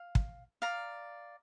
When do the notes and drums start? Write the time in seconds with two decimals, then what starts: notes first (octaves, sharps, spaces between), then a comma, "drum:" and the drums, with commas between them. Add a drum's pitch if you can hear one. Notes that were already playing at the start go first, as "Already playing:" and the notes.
Already playing: F5
0.15 drum: kick
0.62 D5 F5 A#5